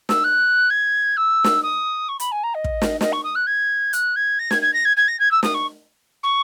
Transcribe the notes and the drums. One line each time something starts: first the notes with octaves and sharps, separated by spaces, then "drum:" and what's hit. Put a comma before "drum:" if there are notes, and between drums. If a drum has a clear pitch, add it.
E6, drum: snare
F#6
G#6
E6
drum: snare
D#6
C#6
B5, drum: hi-hat
G#5
A#5
D#5
drum: kick
drum: snare
D#5, drum: snare
C#6
D#6
F#6
G#6
F#6, drum: hi-hat
G#6
A#6
G#6, drum: snare
G#6
A#6
G#6
G#6
A#6
G#6
E6
D#6, drum: snare
C#6
C#6